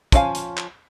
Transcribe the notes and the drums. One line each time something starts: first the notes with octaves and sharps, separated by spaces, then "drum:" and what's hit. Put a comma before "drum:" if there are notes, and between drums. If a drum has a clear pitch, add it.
F3 C#4 F4 F5 G#5, drum: kick, hi-hat
drum: hi-hat
drum: clap